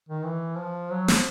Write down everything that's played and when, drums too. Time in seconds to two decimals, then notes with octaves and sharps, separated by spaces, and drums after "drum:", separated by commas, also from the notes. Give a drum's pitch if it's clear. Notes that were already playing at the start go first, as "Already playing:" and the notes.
0.09 D#3
0.24 E3
0.58 F3
0.91 F#3
1.08 F3, drum: snare